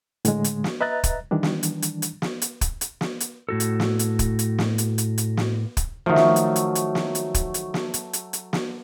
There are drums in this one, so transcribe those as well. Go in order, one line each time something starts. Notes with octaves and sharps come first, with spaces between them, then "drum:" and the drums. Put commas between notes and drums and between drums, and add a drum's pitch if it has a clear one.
A2 D3 G#3, drum: hi-hat
drum: hi-hat
drum: snare
B4 D#5 E5 A#5 F#6 A6
drum: kick, hi-hat
D#3 E3 G3 D4
drum: snare
drum: hi-hat
drum: hi-hat
drum: hi-hat
drum: snare
drum: hi-hat
drum: kick, hi-hat
drum: hi-hat
drum: snare
drum: hi-hat
A2 F#4 A4
drum: hi-hat
drum: snare
drum: hi-hat
drum: kick, hi-hat
drum: hi-hat
drum: snare
drum: hi-hat
drum: hi-hat
drum: hi-hat
drum: snare
drum: kick, hi-hat
D#3 F3 F#3 A3
drum: snare
drum: hi-hat
drum: hi-hat
drum: hi-hat
drum: snare
drum: hi-hat
drum: kick, hi-hat
drum: hi-hat
drum: snare
drum: hi-hat
drum: hi-hat
drum: hi-hat
drum: snare